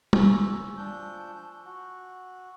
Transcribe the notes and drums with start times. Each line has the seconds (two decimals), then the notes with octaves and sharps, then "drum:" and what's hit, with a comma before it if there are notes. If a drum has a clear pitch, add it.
0.13 G#5 C#6 E6, drum: tom
0.77 F3 D4 G6
1.66 F#4